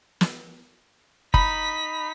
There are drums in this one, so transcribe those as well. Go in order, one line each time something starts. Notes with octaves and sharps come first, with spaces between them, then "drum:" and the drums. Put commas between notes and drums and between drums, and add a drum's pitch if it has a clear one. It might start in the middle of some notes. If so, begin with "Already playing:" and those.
drum: snare
D#4 B5 B6, drum: kick